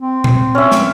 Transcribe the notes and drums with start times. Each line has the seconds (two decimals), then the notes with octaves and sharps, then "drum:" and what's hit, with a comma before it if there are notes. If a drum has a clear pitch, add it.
0.01 C4
0.24 drum: tom A#2
0.55 C#4 E5
0.72 drum: snare